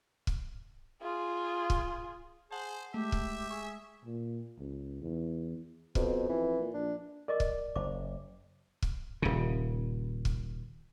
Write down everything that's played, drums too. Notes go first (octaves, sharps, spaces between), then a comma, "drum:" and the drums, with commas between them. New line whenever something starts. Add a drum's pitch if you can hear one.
drum: kick
F4 G#4
drum: kick
G#4 C5 F#5 A5
G#3 A3 G4 E5
drum: kick
G#4 C#6
A#2
C#2
E2
F2 B2, drum: kick
F2 E3
A#2
A#1 D4
A#4 D5 D#5 D6
drum: kick
F#1 C5 D6
drum: kick
D#1 C#3
drum: kick